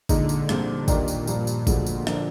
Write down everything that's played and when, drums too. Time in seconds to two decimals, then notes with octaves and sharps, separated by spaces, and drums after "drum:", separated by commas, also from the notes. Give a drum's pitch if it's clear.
0.09 A#2 D3 G#3 D#4, drum: kick G#1, tambourine
0.29 drum: tambourine
0.49 C2 A#2 F3 G#3 C4, drum: rim click
0.88 D#2 A#2 D#3 A#3 D4 G4, drum: kick G#1, tambourine
1.08 drum: tambourine
1.27 G2 F3 A#3, drum: tambourine
1.47 drum: tambourine
1.67 D2 D3 F3 G#3, drum: kick G#1, tambourine
1.87 drum: tambourine
2.07 D3 F3 A#3 D4, drum: rim click